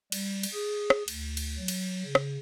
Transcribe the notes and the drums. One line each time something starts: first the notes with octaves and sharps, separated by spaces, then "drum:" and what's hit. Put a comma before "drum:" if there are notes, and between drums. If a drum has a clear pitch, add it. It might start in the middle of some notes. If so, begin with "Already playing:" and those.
G3, drum: cymbal
drum: cymbal
G#4
drum: rim click
D2, drum: cymbal
drum: cymbal
F#3
drum: cymbal
C#3
drum: rim click